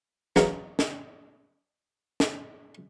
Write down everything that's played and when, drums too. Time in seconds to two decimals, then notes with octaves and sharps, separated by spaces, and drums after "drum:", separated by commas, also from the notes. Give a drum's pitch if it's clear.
0.36 E2 F#3 A#4 F5, drum: snare
0.79 drum: snare
2.20 drum: snare